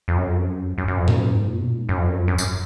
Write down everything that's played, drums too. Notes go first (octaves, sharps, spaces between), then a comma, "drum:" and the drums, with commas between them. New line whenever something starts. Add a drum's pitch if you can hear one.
F2
F#2
F2
F#2
F#2
F#2
F2
F#2, drum: tom G#2
G#2
A#2
B2
A#2
G#2
F#2
F2
F#2
F2
F#2
F#2, drum: tambourine